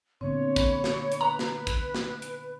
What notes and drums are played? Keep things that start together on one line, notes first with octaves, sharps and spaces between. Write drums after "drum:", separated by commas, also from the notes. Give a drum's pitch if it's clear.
A#2 D3 B3 C4 C#5
B5, drum: kick, hi-hat
drum: snare
drum: hi-hat
B4 A#5
drum: snare
drum: kick, hi-hat
drum: snare
drum: hi-hat